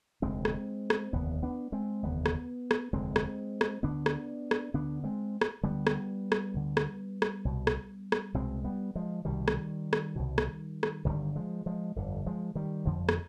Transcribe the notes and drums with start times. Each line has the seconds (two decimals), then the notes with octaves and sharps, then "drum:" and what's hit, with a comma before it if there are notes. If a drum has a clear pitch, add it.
0.22 F1 D#2 D3 G#3 C4
0.45 drum: rim click
0.90 drum: rim click
1.13 F1 D#2 D3 B3
1.43 B3 D4
1.72 G#3 C4
2.03 F1 D#2 D3 B3
2.26 drum: rim click
2.71 drum: rim click
2.93 F1 D#2 D3 G#3 C4
3.16 drum: rim click
3.61 drum: rim click
3.83 D2 D3 B3 D4
4.06 drum: rim click
4.51 drum: rim click
4.74 D2 D3 B3 D4
5.04 G#3 C4
5.41 drum: rim click
5.63 D2 D3 G3 B3
5.87 drum: rim click
6.32 drum: rim click
6.54 D2 D3
6.77 drum: rim click
7.22 drum: rim click
7.45 C2 B2
7.67 drum: rim click
8.12 drum: rim click
8.34 C2 B2 G#3 C4
8.64 G3 B3
8.95 F3 G#3
9.25 C2 B2 D#3 G3
9.48 drum: rim click
9.93 drum: rim click
10.16 C2 B2
10.38 drum: rim click
10.83 drum: rim click
11.05 G1 F2 D3 D#3 G3
11.36 F3 G#3
11.66 F3 G#3
11.96 G1 F2 D3
12.26 F3 G#3
12.55 D#3 G3
12.85 G1 F2 D3 F3
13.09 drum: rim click